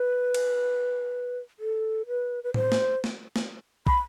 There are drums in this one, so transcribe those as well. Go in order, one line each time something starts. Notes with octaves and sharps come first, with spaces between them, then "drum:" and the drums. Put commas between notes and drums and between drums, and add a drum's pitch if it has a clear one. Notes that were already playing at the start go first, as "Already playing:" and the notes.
Already playing: B4
drum: cymbal
A4
B4
B4
C5, drum: tom A2
drum: snare
drum: snare
drum: snare
B5, drum: kick